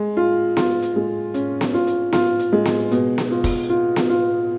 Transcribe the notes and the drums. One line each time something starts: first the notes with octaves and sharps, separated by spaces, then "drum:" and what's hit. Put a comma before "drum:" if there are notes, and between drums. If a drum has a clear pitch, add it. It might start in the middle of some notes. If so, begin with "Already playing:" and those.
Already playing: G#3
F4
F4, drum: snare B3
drum: hi-hat
G#3
C#4, drum: hi-hat
drum: snare B3
F4
drum: hi-hat
F4, drum: snare B3
drum: hi-hat
G#3
drum: snare B3
B2, drum: hi-hat
drum: snare B3
F4
drum: kick, open hi-hat
F4
drum: snare B3
F4